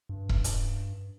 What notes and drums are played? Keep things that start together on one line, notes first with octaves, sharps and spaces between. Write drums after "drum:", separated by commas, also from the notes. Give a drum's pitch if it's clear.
G2
drum: kick E1
drum: hi-hat